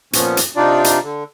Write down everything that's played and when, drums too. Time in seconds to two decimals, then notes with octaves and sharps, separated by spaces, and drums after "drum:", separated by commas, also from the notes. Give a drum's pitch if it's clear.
0.13 A#2 F3 B3 C#4, drum: hi-hat
0.37 drum: hi-hat
0.56 C3 D4 D#4 F4 D5
0.84 drum: hi-hat
1.03 D3